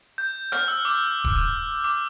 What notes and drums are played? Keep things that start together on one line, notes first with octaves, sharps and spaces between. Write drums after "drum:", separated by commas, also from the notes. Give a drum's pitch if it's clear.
G6
F6, drum: hi-hat
E6
D6
drum: kick D1
D6